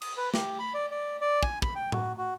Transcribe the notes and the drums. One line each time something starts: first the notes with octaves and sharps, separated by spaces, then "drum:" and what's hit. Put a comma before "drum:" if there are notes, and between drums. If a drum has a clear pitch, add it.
D#6, drum: cymbal
B4
G4, drum: snare
B5
D5
D5
D5
G#5, drum: kick
B5, drum: kick
G5
F#4, drum: tom A2
F#4